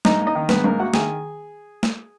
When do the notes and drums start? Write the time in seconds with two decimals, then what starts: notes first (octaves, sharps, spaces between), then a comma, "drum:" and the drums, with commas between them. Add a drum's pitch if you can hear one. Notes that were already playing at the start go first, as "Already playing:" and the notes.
0.05 G#2 D#4 D#5, drum: snare
0.20 A#3
0.27 D#4 D#5
0.35 D#3
0.49 G#2 B3 B4, drum: snare
0.64 G#2 A#3 A#4
0.79 A#3 F#4 F#5
0.94 D#3 G#4 G#5, drum: snare
1.83 drum: snare